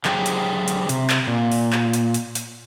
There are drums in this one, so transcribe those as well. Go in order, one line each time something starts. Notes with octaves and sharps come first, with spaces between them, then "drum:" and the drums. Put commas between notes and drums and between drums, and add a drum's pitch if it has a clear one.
D3 F#3 G4 G#4 C5 G5, drum: clap
drum: hi-hat
drum: hi-hat
C3, drum: hi-hat
drum: clap
A#2
drum: open hi-hat
drum: clap
drum: hi-hat
drum: hi-hat
drum: hi-hat